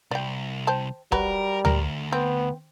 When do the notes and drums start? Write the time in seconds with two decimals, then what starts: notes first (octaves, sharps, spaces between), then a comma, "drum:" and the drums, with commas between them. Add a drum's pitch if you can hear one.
0.11 C2 D5 G5
0.67 C5 G5 A5
1.12 F#3 G3 A#4 B4, drum: kick
1.65 D2 A#4, drum: tom D2
2.12 B3 C4